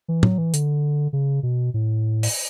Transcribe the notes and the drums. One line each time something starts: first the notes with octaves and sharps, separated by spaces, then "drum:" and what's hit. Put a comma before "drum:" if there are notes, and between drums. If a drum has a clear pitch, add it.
E3
F#3, drum: tom
E3
D3, drum: hi-hat
C#3
B2
A2
drum: open hi-hat